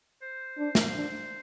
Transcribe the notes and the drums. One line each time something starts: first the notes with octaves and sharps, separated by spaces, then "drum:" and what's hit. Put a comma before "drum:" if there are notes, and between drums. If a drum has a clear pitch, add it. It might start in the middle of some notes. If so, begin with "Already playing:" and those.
C5
D4
drum: snare
D4